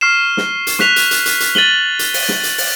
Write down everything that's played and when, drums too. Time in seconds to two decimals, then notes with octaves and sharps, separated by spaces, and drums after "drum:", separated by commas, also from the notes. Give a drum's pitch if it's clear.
0.01 C#6 F6 C7 E7
0.37 drum: snare
0.67 drum: hi-hat
0.79 C#6 F#6 B6 F7, drum: snare
0.96 drum: hi-hat
1.11 drum: hi-hat
1.26 drum: hi-hat
1.40 drum: hi-hat
1.55 A6 D#7 F#7 G7, drum: snare
1.99 drum: hi-hat
2.14 drum: open hi-hat
2.29 drum: snare
2.43 drum: hi-hat
2.58 drum: open hi-hat